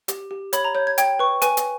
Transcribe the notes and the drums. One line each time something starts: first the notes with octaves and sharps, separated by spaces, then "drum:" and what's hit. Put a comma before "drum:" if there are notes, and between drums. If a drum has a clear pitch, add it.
G4, drum: hi-hat
G4
C#5 B5, drum: hi-hat
A#5
C#5 G6
G#6
G5 G#6, drum: hi-hat
B4 C#6
B4 G#5, drum: hi-hat
drum: hi-hat